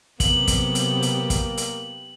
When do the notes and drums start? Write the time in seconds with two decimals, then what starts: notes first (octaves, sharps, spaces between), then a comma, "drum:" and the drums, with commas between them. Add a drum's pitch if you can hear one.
0.20 C3 F#3 A#3 B3 G4 F#7, drum: kick, hi-hat
0.47 drum: kick, hi-hat
0.75 drum: hi-hat
1.02 drum: hi-hat
1.30 drum: kick, hi-hat
1.57 drum: hi-hat